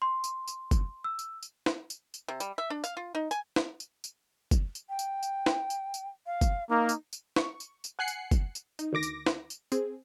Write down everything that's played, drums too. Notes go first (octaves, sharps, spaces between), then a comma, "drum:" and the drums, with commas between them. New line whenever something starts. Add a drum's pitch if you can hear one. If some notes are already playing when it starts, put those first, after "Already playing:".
C6
drum: tambourine
drum: tambourine
drum: kick, tambourine
E6
drum: tambourine
drum: tambourine
drum: snare
drum: tambourine
drum: tambourine
C3
G3, drum: tambourine
E5
D4
F5, drum: tambourine
F4
D#4
G#5, drum: tambourine
drum: snare
drum: tambourine
drum: tambourine
drum: kick, tambourine
drum: tambourine
G5
drum: tambourine
drum: tambourine
drum: snare
drum: tambourine
drum: tambourine
F5
drum: kick, tambourine
A#3 D#4
drum: tambourine
drum: tambourine
C#6, drum: snare
drum: tambourine
drum: tambourine
F#5 G#5 F#6 C7 C#7
drum: tambourine
drum: kick, tambourine
drum: tambourine
D#4, drum: tambourine
D2 D#3 D6 A#6
drum: tambourine
drum: snare
drum: tambourine
C4 G#4, drum: tambourine